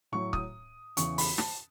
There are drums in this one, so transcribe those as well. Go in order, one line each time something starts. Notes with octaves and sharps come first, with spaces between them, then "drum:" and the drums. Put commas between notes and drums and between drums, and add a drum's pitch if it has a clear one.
A2 F#3 C#6
D#6, drum: kick C#1
E2 C#3 E3 C#6, drum: hi-hat
B5, drum: open hi-hat
A5, drum: snare